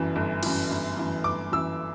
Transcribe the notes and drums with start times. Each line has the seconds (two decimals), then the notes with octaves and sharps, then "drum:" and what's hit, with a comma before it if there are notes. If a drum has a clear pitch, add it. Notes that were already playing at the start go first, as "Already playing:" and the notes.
Already playing: G1 F#2 E3
0.16 G1
0.43 F#2 E3, drum: cymbal
0.71 G1
0.97 F#2 E3
1.24 G1 D6
1.52 F#2 E3 E6